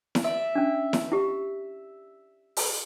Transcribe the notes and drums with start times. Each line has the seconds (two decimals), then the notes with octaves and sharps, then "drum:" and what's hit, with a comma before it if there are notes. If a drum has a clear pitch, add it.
0.15 drum: snare E4
0.24 D5 E5
0.55 C#4 D4
0.93 drum: snare E4
1.12 E4 G4
2.57 drum: open hi-hat